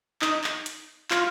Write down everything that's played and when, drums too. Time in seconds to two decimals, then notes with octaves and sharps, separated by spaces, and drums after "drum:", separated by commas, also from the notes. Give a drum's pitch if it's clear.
0.22 D#4, drum: clap
0.44 drum: clap
0.66 drum: hi-hat
1.11 F4, drum: clap